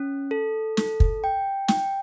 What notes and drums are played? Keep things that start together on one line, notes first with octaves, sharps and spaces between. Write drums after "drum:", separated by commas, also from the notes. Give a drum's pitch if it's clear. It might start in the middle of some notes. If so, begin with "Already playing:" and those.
Already playing: C#4
A4
A4, drum: snare
drum: kick
G5
G5, drum: snare